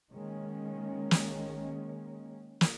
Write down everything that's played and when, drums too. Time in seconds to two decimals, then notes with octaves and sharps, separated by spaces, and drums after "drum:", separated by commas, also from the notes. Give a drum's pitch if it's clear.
0.11 D#3 G#3 A#3 C#4
1.11 drum: snare
2.61 drum: snare